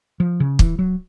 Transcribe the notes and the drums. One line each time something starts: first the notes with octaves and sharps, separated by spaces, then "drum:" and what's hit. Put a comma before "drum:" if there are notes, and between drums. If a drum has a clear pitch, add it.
F3
C#3
E3, drum: kick
F#3